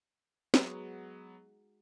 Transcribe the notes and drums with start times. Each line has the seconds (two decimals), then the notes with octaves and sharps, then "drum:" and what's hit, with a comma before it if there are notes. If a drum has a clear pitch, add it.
0.54 F#3 G#3 B3 D#4 F#4, drum: snare